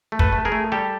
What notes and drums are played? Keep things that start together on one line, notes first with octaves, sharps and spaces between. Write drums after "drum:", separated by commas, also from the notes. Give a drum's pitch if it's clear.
A3
A4 B4, drum: kick
A3
G#4 A#4
A3
G3 G4 A4